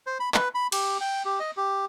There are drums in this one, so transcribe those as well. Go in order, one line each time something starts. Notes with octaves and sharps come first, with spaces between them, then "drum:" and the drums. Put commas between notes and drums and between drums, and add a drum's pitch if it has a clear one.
C5
B5
B4, drum: clap
B5
G4, drum: cymbal
G5
G4
D#5
G4